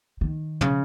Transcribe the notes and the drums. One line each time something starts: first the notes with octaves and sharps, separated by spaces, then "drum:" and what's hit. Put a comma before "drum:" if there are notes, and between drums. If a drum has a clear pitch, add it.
D#3
C#3, drum: tom